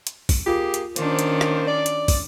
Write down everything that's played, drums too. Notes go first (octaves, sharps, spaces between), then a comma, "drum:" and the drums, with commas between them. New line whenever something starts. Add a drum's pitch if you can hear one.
drum: hi-hat
drum: kick, open hi-hat
A#3 F4 G4 G#4
drum: hi-hat
D#3 A#3 C#4 D4 C5, drum: hi-hat
drum: hi-hat
drum: rim click
D5
drum: hi-hat
drum: kick, open hi-hat